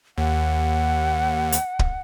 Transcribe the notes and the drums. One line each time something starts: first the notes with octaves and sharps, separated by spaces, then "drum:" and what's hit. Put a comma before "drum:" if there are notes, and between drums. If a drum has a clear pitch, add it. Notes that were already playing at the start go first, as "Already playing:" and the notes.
D#2 F#5
drum: hi-hat
drum: kick